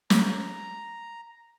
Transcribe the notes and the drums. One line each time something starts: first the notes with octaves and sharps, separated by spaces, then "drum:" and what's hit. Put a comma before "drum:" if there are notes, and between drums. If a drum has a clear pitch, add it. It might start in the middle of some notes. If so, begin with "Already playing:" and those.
A#5, drum: snare